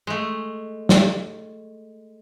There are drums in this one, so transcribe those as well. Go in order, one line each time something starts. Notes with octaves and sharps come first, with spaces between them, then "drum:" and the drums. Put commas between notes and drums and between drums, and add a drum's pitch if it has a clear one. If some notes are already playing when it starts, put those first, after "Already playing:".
G#3 A3
drum: snare